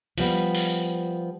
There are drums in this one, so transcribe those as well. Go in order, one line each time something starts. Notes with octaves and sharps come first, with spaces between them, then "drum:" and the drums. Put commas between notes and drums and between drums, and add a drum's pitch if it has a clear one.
F3 G3 B3, drum: open hi-hat
drum: open hi-hat